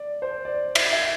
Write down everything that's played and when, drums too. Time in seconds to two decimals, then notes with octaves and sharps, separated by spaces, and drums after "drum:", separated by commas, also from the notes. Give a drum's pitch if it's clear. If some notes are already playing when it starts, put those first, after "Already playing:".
Already playing: D5
0.22 C5
0.45 D5
0.75 E5, drum: cymbal
0.93 E5